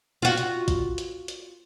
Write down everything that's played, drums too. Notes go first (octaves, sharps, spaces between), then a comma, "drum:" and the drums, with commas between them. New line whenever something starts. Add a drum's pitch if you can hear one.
F4 F#4
drum: hi-hat
drum: kick A1, hi-hat
drum: hi-hat
drum: hi-hat